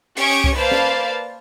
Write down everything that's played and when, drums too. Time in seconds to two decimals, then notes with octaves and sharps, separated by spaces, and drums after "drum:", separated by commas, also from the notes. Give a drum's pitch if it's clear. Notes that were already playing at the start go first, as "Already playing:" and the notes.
0.17 C#4 G4 C#6 D#6 D7, drum: open hi-hat
0.44 drum: kick C2
0.55 A#3 B4 C5 D5 F5 A5
0.71 drum: snare